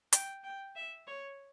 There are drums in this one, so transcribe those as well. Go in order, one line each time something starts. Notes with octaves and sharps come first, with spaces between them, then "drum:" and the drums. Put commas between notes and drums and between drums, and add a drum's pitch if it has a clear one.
G5, drum: hi-hat
G5
E5
C#5